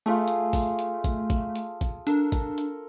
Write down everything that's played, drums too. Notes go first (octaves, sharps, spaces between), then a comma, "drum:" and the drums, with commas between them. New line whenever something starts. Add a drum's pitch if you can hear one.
A3 F4 G#4 A4
drum: hi-hat
drum: kick, open hi-hat
drum: hi-hat
drum: kick, hi-hat
drum: kick, hi-hat
drum: hi-hat
drum: kick, hi-hat
D4 A4 A#4, drum: hi-hat
drum: kick, hi-hat
drum: hi-hat